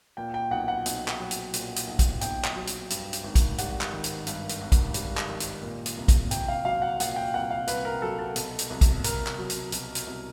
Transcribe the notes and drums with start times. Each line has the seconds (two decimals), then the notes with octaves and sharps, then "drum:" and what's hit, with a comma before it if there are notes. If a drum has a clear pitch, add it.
0.17 A#2 G5
0.34 G5
0.51 B1 F#5
0.68 F#5
0.86 B1, drum: hi-hat
1.08 drum: clap
1.19 F#3
1.31 drum: hi-hat
1.53 A#2, drum: hi-hat
1.76 drum: hi-hat
1.87 B1
1.99 drum: kick, hi-hat
2.21 B1 G5, drum: hi-hat
2.44 drum: clap
2.56 F#3
2.67 drum: hi-hat
2.90 G2, drum: hi-hat
3.13 drum: hi-hat
3.24 G#1
3.35 drum: kick, hi-hat
3.58 G3 F#5, drum: hi-hat
3.81 drum: clap
3.93 D#3
4.04 drum: hi-hat
4.27 G2, drum: hi-hat
4.49 drum: hi-hat
4.61 G#1
4.72 drum: kick, hi-hat
4.94 G3, drum: hi-hat
5.17 drum: clap
5.29 D#3
5.40 drum: hi-hat
5.63 A#2
5.86 drum: hi-hat
5.97 C2
6.08 drum: kick, hi-hat
6.31 C2 G5, drum: hi-hat
6.48 F5
6.65 F#3 F5
6.82 F#5
7.00 A#2 F#5, drum: hi-hat
7.16 G5
7.34 C2 F#5
7.51 F5
7.67 C2 B4, drum: hi-hat
7.85 A#4
8.02 F#3 A4
8.19 A4
8.36 B2, drum: hi-hat
8.59 drum: hi-hat
8.70 C2
8.81 drum: kick, hi-hat
9.04 C2 A#4, drum: hi-hat
9.27 drum: clap
9.38 F#3
9.50 drum: hi-hat
9.72 B2, drum: hi-hat
9.95 drum: hi-hat
10.06 C2